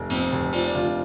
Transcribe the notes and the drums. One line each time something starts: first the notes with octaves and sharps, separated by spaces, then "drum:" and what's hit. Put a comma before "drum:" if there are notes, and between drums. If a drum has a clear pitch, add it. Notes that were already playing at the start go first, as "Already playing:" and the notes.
Already playing: F1
F2 C4, drum: cymbal
F1
F3 D4, drum: cymbal
D4
F1 F4